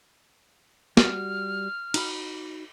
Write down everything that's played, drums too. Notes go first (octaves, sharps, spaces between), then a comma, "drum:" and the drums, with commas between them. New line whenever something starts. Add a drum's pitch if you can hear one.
G3 F#4 F6, drum: snare
D#4 F#4 B5, drum: cymbal